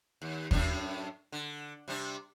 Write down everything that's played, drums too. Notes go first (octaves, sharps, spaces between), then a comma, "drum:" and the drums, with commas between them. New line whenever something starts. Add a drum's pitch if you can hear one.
D#2
F#2 A2 D4, drum: kick
D3
C3 G3 D4